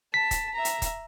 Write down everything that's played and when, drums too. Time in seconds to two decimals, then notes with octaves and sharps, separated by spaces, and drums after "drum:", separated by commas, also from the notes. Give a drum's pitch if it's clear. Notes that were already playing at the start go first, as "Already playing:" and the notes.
0.14 A5 B6
0.31 drum: kick, hi-hat
0.54 E5 A#5
0.65 drum: hi-hat
0.82 drum: kick, hi-hat